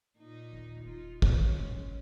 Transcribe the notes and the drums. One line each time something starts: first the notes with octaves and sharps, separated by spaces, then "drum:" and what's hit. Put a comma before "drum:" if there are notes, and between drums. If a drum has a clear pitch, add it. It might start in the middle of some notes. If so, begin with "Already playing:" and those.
A#2 D#4
A#1 D#2
E1 D#4 F4
F1 G#3 C#4, drum: kick